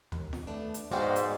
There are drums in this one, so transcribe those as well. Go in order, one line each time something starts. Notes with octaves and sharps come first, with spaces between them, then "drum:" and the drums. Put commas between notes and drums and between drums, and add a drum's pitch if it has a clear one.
D#2, drum: tom D2
drum: snare F4
A3 B3 D4
drum: hi-hat
G#2 G#3 B3 F#4 C5 D5 F5 G5
drum: hi-hat